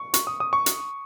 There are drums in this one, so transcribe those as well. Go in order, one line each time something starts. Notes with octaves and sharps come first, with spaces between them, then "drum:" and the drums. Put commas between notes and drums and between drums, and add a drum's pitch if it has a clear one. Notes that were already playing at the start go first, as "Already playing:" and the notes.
Already playing: C#6
C#6, drum: hi-hat
D#6
D#6
C#6
drum: hi-hat